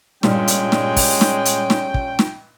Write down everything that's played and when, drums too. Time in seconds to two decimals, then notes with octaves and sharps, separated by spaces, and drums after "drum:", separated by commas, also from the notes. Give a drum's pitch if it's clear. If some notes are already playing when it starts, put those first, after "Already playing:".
0.23 G2 A#2 G3 G#3 C#4 G5, drum: snare
0.48 drum: hi-hat
0.72 drum: snare
0.96 drum: kick, open hi-hat
1.21 drum: snare
1.45 drum: hi-hat
1.70 drum: snare
1.94 drum: kick
2.19 drum: snare